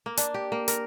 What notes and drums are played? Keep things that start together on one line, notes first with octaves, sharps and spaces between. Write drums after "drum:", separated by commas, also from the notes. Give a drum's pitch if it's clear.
A#3
D4, drum: hi-hat
G4
A#3
A#4, drum: hi-hat